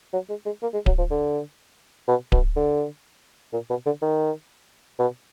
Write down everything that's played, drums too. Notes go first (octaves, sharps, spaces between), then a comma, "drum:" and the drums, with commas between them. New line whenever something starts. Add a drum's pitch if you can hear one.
F#3
G#3
G#3
A#3
G#3
F#3, drum: kick D1
F3
D3
B2
B2, drum: kick D1
D3
A#2
B2
D3
D#3
B2